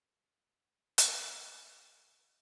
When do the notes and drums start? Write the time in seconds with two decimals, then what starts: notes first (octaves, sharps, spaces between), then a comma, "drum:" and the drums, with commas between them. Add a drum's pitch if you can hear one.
0.25 C2 E5 F#6
0.98 drum: hi-hat
1.11 A#4 D5 F5 G#5 B5 C6
1.42 G4 B4 C#5 E5 C#6 F#6
1.86 E3 G3 F#4
2.16 C#3 F3 F#3 C4 E6 E7